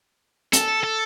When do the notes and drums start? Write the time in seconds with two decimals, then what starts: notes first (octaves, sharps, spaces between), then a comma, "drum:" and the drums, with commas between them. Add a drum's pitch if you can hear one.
0.53 A4, drum: hi-hat
0.84 A4